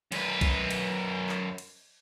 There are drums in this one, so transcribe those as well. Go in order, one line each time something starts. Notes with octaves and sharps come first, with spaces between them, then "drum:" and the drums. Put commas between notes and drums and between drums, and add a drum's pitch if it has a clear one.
F#2 B4, drum: cymbal
drum: kick B1, cymbal
drum: cymbal
drum: clap
drum: cymbal